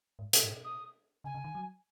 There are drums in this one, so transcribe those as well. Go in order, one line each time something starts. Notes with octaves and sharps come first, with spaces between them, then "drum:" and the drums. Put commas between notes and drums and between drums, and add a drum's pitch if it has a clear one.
G#2
B2, drum: hi-hat
G#2
B2
D#6
C#3 G#5
C#3
D#3
F#3